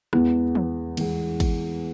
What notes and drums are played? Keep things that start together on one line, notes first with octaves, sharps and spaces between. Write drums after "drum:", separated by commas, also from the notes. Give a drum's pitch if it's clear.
E2 E3 G#3 B3, drum: rim click
drum: tom
E2 E3 G#3 B3, drum: cymbal
drum: kick, cymbal